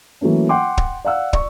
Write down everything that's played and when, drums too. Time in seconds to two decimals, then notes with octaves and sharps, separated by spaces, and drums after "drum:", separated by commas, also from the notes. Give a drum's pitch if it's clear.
0.21 E3 F#3 A3 A#3 C#4
0.49 F#5 G5 C6 D6
0.77 drum: kick
1.05 D5 F5 F#5 E6
1.33 D5 C#6, drum: kick